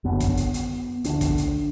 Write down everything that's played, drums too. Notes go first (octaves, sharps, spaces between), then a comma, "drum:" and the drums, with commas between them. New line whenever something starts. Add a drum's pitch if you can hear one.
F#1 F#2 D3 B3
drum: kick, hi-hat
drum: hi-hat
drum: hi-hat
D2 D3 D4, drum: hi-hat
drum: kick, hi-hat
drum: hi-hat